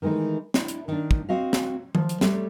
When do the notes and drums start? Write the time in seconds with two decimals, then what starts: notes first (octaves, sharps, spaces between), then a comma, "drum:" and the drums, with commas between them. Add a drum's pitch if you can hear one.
0.02 D#3 E3 G#3 A3 D#4
0.54 D4 E4, drum: snare
0.68 drum: hi-hat
0.88 D#3 D4
1.11 drum: kick
1.29 C4 F#4 D#5 F5
1.53 drum: snare
1.95 F3, drum: tom D#3
2.09 drum: hi-hat
2.21 G3 A3 G4 A4 C#5, drum: snare